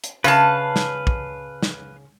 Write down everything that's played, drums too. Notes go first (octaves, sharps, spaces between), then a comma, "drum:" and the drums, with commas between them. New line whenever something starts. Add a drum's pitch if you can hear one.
drum: hi-hat
C#3 B4 F5 A5, drum: tambourine
drum: snare
drum: kick
drum: snare